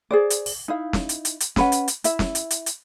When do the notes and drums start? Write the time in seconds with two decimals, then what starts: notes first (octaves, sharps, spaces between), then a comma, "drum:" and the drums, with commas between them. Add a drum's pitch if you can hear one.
0.11 G#4 C5 D5
0.30 drum: hi-hat
0.46 drum: open hi-hat
0.68 D#4 E4 F5
0.93 drum: snare
1.09 drum: hi-hat
1.25 drum: hi-hat
1.40 drum: hi-hat
1.56 C#4 B4 F#5, drum: snare
1.72 drum: hi-hat
1.88 drum: hi-hat
2.04 E4 E5, drum: hi-hat
2.19 drum: snare
2.35 drum: hi-hat
2.51 drum: hi-hat
2.66 drum: hi-hat